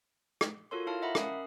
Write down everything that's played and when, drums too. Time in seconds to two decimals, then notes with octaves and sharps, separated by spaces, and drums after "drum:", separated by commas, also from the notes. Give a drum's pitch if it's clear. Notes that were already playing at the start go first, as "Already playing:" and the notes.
0.41 drum: rim click
0.71 F4 F#4 A4 A#4 C#5 C6
0.87 E4 C#5 F5 A5 F6
1.02 D#5 E5 F#5 A#5 B5
1.15 C#4 A#4 D#6 C7, drum: rim click